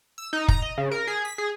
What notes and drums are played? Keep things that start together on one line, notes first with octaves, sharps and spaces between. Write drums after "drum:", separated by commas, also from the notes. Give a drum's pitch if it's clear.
E6
D#4
A#5, drum: kick
D#5
C#3
A#4
G#4
B6
G#4